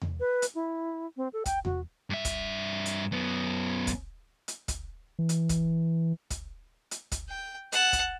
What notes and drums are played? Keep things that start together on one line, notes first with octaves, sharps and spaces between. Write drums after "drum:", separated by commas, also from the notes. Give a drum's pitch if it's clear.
drum: tom E2
B4
drum: hi-hat
E4
C4
A4
G5, drum: kick, hi-hat
F#4, drum: tom E2
G2 E5
drum: kick, hi-hat
drum: hi-hat
F#2 B3
drum: kick, hi-hat
drum: hi-hat
drum: kick, hi-hat
E3
drum: hi-hat
drum: kick, hi-hat
drum: kick, hi-hat
drum: hi-hat
drum: kick, hi-hat
G5
F#5 A5, drum: hi-hat
drum: kick, hi-hat